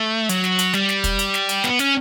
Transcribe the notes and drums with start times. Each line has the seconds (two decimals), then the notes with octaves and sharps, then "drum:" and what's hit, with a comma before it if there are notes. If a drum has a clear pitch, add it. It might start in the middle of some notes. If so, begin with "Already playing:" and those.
Already playing: A3
0.29 F#3, drum: hi-hat
0.44 drum: snare
0.59 drum: hi-hat
0.73 G3, drum: snare
0.89 drum: snare
1.04 drum: kick, hi-hat
1.19 drum: hi-hat
1.34 drum: snare
1.49 drum: hi-hat
1.64 B3, drum: snare
1.79 C#4, drum: hi-hat